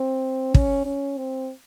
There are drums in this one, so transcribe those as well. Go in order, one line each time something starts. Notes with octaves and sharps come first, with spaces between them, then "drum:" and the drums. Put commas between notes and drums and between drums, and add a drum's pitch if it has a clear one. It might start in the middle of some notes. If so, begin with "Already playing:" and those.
Already playing: C4
C#4, drum: kick
C#4
C4